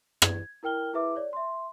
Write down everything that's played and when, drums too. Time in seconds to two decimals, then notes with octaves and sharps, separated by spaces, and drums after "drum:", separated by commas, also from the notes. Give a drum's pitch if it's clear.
0.22 G#6, drum: rim click
0.63 E4 A#4 G5 F6 G7
0.93 E4 G#4 B4 E5 D6
1.16 C#5 D5
1.33 E5 C6